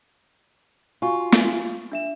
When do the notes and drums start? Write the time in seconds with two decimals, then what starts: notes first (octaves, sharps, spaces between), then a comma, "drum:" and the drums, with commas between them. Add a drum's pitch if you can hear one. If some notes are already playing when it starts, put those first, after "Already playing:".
1.02 F4 F#4 G#5 C#6
1.32 drum: snare
1.92 D4 E5 E7